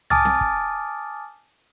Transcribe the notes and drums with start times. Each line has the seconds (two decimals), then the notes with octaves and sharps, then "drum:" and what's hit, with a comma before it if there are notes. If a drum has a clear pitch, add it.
0.10 G#5 A5 D6 D#6 F6 A6, drum: tom C2
0.25 drum: snare C4
0.41 drum: kick